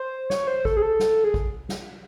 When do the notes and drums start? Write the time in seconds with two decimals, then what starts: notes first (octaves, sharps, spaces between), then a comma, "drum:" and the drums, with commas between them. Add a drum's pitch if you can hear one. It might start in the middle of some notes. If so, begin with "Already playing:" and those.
Already playing: C5
0.30 C#5, drum: snare
0.47 C5
0.65 A4, drum: kick G#1
0.77 G#4
0.82 A4
0.99 drum: snare
1.24 G#4
1.34 drum: kick G#1
1.69 drum: snare